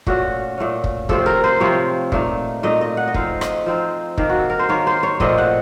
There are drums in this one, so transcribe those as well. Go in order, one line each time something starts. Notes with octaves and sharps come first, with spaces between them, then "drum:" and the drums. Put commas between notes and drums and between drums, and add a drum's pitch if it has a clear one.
A#2 A3 C#4 F#4, drum: kick
A#2 A3 C#4
drum: kick
C3 F3 A3 C4 A4, drum: kick
A#4
C5
C3 F3 A3 C4 C#5
A#2 A3 D#4, drum: kick
A#2 A3 D#4 D#5
D#5
F#5
D#5
F3 C4 D#4 F5, drum: kick
D#5, drum: rim click
F3 C4 D#4
D#3 A#3 D#4, drum: kick
F#4
A4
A#4
C5
D#3 A#3 D#4 C#5
C5
C#5
A#2 F3 A3 C4 D#5, drum: kick
F#5